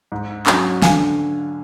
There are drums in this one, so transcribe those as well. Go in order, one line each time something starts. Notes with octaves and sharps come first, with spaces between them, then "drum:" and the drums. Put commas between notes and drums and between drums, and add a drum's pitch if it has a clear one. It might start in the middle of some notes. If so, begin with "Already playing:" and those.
G#2
F#3 C#4, drum: clap
D3 F5 G#5, drum: snare